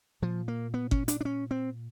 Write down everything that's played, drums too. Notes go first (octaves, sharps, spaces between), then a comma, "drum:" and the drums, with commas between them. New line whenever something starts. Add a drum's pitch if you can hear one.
A#2 F3
A#3
B3
C#4, drum: kick G1
D4, drum: hi-hat
D4
C#4
C4